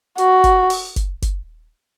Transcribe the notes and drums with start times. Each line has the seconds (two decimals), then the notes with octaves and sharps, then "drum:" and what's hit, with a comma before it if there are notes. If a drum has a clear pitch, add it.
0.18 F#4, drum: hi-hat
0.44 drum: kick F#1, hi-hat
0.70 drum: open hi-hat
0.96 drum: kick F#1, hi-hat
1.22 drum: kick F#1, hi-hat